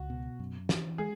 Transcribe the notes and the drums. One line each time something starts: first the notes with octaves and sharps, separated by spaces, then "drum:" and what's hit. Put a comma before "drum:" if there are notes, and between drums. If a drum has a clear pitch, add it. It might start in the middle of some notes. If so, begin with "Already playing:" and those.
Already playing: C#2 F#4
B2
F#2
E3, drum: snare
G#3 G#4